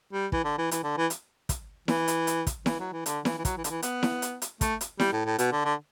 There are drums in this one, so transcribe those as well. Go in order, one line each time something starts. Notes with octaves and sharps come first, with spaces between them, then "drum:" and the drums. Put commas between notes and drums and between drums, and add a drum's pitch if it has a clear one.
G3
E3, drum: kick
D3
E3
E3, drum: hi-hat
D3
E3
drum: hi-hat
drum: kick, hi-hat
E3, drum: snare E4
drum: hi-hat
drum: hi-hat
drum: kick, hi-hat
E3, drum: snare E4
F#3
E3
D3, drum: hi-hat
E3, drum: snare E4
E3
F#3, drum: kick, hi-hat
E3
D3, drum: hi-hat
E3
B3, drum: hi-hat
drum: snare E4
drum: hi-hat
drum: hi-hat
A3, drum: kick, hi-hat
drum: hi-hat
G3, drum: snare E4
A2
A2
B2, drum: hi-hat
D3
D3